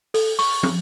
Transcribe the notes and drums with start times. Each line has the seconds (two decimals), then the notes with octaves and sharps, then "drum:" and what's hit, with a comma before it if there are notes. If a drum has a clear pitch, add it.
0.14 A4, drum: open hi-hat
0.39 C#6, drum: open hi-hat
0.63 drum: tom